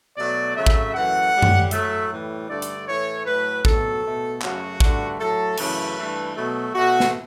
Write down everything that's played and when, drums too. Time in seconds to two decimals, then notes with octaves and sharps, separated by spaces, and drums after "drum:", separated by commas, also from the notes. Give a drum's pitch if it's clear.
0.17 B2 F#3 A3 D5
0.56 C#3 F#3 A3 E5
0.66 drum: kick
0.94 F#2 E3 A3 F#5
1.33 A2 G3
1.42 drum: tom F#2
1.71 A2 F#3 A3 E5, drum: hi-hat
2.10 A2 E3 G3
2.49 G2 D3 A3 D5
2.62 drum: hi-hat
2.87 A2 E3 A3 C#5
3.25 A2 F#3 A3 B4
3.65 B2 F#3 A3 A4, drum: kick
4.03 B2 A3
4.42 F#2 C#3 F#3 A3 F#4, drum: clap
4.80 G2 D3 A3, drum: kick
5.19 A2 F#3 A3 A4
5.57 F#2 C#3 E3 A3 B4, drum: cymbal
5.96 G2 E3 A3
6.35 B2 F#3 A3
6.74 B2 A3 F#4
7.00 drum: snare